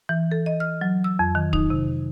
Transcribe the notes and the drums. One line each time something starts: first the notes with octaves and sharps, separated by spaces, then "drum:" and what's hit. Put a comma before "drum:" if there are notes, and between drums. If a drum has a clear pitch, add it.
E3
A4
D#5
F6
F#3
E6
F2
D#3
D#4, drum: kick
C3